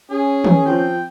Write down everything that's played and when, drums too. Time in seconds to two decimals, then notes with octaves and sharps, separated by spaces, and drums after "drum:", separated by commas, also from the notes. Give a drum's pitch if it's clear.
0.10 C#4 G#4
0.44 drum: tom D#3
0.66 F3 C4 G5